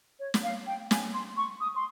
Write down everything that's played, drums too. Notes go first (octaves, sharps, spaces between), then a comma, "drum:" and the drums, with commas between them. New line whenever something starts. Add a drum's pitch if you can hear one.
C#5
drum: snare
F5
G5
G#5, drum: snare
C6
C#6
D#6
C6